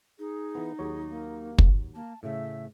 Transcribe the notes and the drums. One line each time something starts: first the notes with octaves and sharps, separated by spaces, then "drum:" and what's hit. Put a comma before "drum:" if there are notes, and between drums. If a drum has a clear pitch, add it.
D#4 G#4
E3 B3
D#2 F#3 G#4 C#5
A#3
drum: kick
A#3 A5
A2 C#3 A3 E5